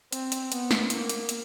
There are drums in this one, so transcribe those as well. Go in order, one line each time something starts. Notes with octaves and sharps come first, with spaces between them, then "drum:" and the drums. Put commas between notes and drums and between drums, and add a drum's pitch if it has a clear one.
C4, drum: hi-hat
drum: hi-hat
B3, drum: hi-hat
drum: snare
A#3, drum: hi-hat
drum: hi-hat
drum: hi-hat